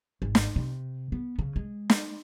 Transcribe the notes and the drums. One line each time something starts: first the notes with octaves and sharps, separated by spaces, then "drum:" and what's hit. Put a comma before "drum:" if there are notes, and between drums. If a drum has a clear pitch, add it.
G#1
drum: snare
C3
B3
C#3
G#3
drum: snare